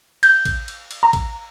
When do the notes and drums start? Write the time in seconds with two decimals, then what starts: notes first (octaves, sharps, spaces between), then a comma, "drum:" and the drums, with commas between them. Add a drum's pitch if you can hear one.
0.23 G6, drum: cymbal
0.45 drum: kick A1, cymbal
0.68 drum: cymbal
0.91 drum: cymbal
1.03 A#5
1.13 drum: kick A1, cymbal